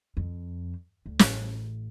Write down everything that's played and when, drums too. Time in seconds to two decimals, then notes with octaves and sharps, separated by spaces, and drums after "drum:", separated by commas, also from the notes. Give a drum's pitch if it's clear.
0.17 F2
1.06 D2
1.19 A1, drum: snare